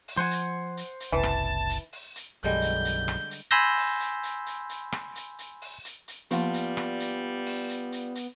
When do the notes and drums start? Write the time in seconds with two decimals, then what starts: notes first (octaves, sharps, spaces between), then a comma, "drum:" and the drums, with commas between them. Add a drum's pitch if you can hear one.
0.08 drum: open hi-hat
0.17 F3 C5 F#5 G#5
0.31 drum: hi-hat
0.77 drum: hi-hat
1.00 drum: hi-hat
1.12 F#1 C2 E3 A5
1.23 drum: rim click
1.69 drum: hi-hat
1.93 drum: open hi-hat
2.16 drum: hi-hat
2.44 B1 F#2 D3 G3 G#3 G6
2.62 drum: hi-hat
2.85 drum: hi-hat
3.08 drum: rim click
3.31 drum: hi-hat
3.51 G#5 B5 C6 E6 G6 A#6
3.77 drum: open hi-hat
4.00 drum: hi-hat
4.23 drum: hi-hat
4.46 drum: hi-hat
4.69 drum: hi-hat
4.92 drum: rim click
5.15 drum: hi-hat
5.39 drum: hi-hat
5.62 drum: open hi-hat
5.85 drum: hi-hat
6.08 drum: hi-hat
6.31 F3 G3 A#3 B3 D4 F4 B5, drum: hi-hat
6.54 drum: hi-hat
6.77 drum: rim click
7.00 drum: hi-hat
7.46 drum: open hi-hat
7.69 drum: hi-hat
7.92 drum: hi-hat
8.15 drum: hi-hat